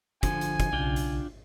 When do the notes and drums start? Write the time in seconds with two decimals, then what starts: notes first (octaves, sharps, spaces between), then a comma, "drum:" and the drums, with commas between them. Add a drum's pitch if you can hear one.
0.23 D3 F3 G#5, drum: kick, hi-hat
0.41 drum: hi-hat
0.60 drum: kick, hi-hat
0.73 B1 C#3 D4 F4 G5
0.96 drum: hi-hat